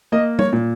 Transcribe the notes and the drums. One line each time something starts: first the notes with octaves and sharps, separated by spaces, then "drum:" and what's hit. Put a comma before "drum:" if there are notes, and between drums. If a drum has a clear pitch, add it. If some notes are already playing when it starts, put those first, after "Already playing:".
A#3 D#5
C#5, drum: tom G3
A#2